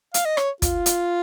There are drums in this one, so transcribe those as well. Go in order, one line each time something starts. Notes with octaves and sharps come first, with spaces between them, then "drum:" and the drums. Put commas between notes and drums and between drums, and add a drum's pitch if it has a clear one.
F5, drum: hi-hat
D#5
C#5, drum: rim click
F4, drum: kick, hi-hat
drum: hi-hat